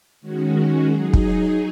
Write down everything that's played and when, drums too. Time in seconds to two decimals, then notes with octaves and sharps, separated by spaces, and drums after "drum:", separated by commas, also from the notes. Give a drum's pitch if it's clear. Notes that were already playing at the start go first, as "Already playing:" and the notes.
0.21 D#3 G#3 C#4 F#4
0.89 F#3 D#4 G#4
1.13 drum: kick